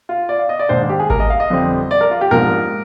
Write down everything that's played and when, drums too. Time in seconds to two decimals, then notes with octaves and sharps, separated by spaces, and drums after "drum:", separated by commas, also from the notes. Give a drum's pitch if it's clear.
0.09 F4
0.29 D5
0.39 F5
0.49 D#5
0.59 D5
0.69 G#2 D#3 A#3 D4 C5
0.89 G4
1.00 G#4
1.10 A#4, drum: kick G#1
1.20 D#5
1.30 F5
1.40 D#5
1.50 F2 D3 G3 C4
1.91 D5
2.01 A#4
2.11 F4
2.21 G4
2.31 G#2 F3 A#3 D4 A#4